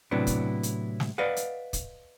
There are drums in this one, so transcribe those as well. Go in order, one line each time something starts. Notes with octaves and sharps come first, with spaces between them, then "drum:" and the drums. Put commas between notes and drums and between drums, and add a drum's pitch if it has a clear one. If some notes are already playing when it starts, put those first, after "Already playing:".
A2 C3 F#3 B3 D4 E4
drum: kick, hi-hat
drum: hi-hat
drum: snare
B4 D5 D#5 F5 F#5
drum: hi-hat
drum: kick, hi-hat